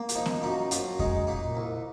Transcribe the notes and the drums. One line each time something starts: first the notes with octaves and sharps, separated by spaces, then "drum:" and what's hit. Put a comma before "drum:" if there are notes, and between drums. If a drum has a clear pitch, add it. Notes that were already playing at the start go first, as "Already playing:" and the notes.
Already playing: A#3
F4, drum: hi-hat
F3 D#4
drum: snare B3
F#2 D#4
F#2 F4, drum: hi-hat
G#3 D#4, drum: kick F2
A#2 D#4
C2